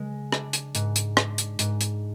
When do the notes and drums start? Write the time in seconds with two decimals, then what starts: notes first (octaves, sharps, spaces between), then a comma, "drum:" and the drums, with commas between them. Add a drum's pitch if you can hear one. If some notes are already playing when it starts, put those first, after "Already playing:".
Already playing: C#3 G#3
0.32 D4, drum: rim click
0.53 drum: hi-hat
0.75 G#2, drum: hi-hat
0.96 drum: hi-hat
1.17 D4, drum: rim click
1.38 drum: hi-hat
1.59 G#2, drum: hi-hat
1.81 drum: hi-hat